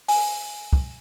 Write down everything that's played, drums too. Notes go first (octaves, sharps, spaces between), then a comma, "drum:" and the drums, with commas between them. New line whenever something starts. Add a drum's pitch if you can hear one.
G#5, drum: open hi-hat
drum: kick